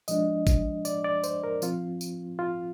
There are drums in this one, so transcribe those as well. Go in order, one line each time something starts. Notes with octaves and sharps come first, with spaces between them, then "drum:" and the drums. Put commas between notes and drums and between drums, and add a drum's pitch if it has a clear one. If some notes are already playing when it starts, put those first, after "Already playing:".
F3 G#3 D4 D#5, drum: tambourine
drum: kick G#1, tambourine
D5, drum: tambourine
D5
C5, drum: tambourine
A#4
F3 C4 F4, drum: tambourine
drum: tambourine
F4